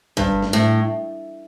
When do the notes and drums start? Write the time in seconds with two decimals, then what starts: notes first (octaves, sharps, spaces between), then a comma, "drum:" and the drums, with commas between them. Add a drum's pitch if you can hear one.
0.17 G2, drum: kick G1
0.42 drum: snare
0.53 A2